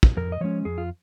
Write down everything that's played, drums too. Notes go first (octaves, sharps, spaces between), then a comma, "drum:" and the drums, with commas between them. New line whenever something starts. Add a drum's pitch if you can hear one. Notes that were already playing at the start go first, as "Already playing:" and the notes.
drum: kick
F2 A#4
D#5
F3 G#3 C#4 C#5
F2 G#4
F4